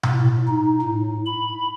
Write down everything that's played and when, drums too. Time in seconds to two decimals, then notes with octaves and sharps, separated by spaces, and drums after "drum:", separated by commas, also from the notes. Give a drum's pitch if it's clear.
0.03 drum: tom B2
0.15 A2
0.48 D#4
0.82 A2
1.26 B5